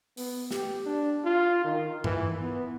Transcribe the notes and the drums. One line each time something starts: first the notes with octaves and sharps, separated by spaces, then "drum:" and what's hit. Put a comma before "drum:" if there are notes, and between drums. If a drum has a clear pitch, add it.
B3, drum: open hi-hat
G4, drum: snare
D4
F4
D#3
E3, drum: tom G2
B3